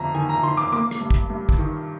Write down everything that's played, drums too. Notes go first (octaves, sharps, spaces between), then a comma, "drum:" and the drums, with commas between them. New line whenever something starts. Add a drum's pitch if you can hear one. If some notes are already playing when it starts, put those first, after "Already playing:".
Already playing: G1 F2 A#5
D#3 G#5
A#5
D#3 C6
D6
A#3 D6
drum: rim click
G2
drum: kick
G2
drum: kick
D#3